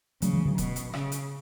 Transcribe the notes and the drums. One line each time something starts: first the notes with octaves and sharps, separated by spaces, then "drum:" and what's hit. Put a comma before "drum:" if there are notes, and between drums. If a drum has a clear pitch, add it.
C#3 F#3 A3, drum: hi-hat
E3 G#3
D3 F#3
B2, drum: kick D#1, hi-hat
drum: hi-hat
C#3, drum: rim click
drum: hi-hat